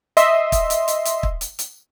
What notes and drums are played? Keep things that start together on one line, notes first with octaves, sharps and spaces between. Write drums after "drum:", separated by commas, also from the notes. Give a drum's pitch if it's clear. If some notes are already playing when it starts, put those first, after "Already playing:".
D#5 E5 C6, drum: hi-hat
drum: kick, hi-hat
drum: hi-hat
drum: hi-hat
drum: hi-hat
drum: kick
drum: hi-hat
drum: hi-hat